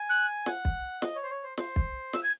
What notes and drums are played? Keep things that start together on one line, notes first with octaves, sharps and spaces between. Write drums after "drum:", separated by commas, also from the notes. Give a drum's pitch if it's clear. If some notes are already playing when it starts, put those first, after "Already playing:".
Already playing: G#5
F#6
F#5, drum: snare
drum: kick
D#5, drum: snare
C#5
C5
C#5
C5
C5, drum: snare
drum: kick
E6, drum: snare
G#6